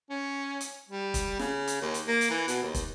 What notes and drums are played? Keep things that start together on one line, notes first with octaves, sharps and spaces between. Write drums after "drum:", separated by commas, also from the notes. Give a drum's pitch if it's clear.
C#4
drum: hi-hat
G3
drum: kick, hi-hat
C#3, drum: snare
drum: hi-hat
D#2
drum: hi-hat
A#3
drum: hi-hat
E3
B2, drum: hi-hat
D#2
drum: kick, hi-hat